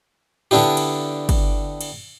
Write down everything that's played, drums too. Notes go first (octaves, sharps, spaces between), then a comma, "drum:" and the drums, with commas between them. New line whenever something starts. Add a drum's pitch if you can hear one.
D3 B3 D4 E4 G4
drum: cymbal
drum: kick, cymbal
drum: cymbal